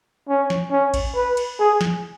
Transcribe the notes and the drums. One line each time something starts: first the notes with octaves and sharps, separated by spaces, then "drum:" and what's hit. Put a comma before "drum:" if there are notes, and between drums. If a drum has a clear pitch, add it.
C#4
drum: snare
C#4
drum: kick A1, cymbal
B4
drum: cymbal
G#4
drum: snare